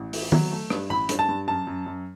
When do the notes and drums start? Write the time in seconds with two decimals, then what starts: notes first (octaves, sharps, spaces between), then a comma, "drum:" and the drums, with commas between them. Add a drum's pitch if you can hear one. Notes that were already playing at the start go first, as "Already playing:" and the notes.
Already playing: A1
0.13 E3, drum: open hi-hat
0.32 F#3, drum: tom
0.52 A3
0.70 G2, drum: rim click
0.90 A1 B5
1.09 G2, drum: hi-hat
1.19 A5
1.29 G2
1.48 F#2 A5
1.67 F#2
1.86 F#2